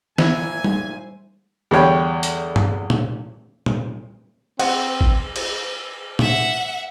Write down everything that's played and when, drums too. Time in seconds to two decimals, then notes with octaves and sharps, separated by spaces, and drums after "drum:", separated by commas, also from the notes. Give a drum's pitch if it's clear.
0.18 F#2 A#2 E4 C5 E5 G#5 G#6, drum: snare
0.64 drum: tom G3
1.71 E2 D3 G3 C#5 G5 B5
2.23 drum: hi-hat
2.56 drum: tom G2
2.90 drum: tom A#2
3.66 drum: tom A#2
4.60 C4 F#5, drum: cymbal
5.01 drum: kick G#1
5.36 drum: cymbal
6.19 E5 F#5, drum: tom A#2